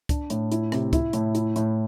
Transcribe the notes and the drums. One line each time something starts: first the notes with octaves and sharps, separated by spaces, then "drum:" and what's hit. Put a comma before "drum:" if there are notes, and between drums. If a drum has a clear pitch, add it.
D4, drum: kick C#2, hi-hat
A2, drum: hi-hat
E4, drum: hi-hat
C3, drum: rim click
E4, drum: kick C#2, hi-hat
A2, drum: hi-hat
E4, drum: hi-hat
A2, drum: hi-hat